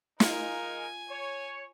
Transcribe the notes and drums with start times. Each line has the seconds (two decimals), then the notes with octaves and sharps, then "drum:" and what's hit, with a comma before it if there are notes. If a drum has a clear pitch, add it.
0.20 G#3 D#4 F4 A#4 F5 G#5, drum: snare
1.10 C#5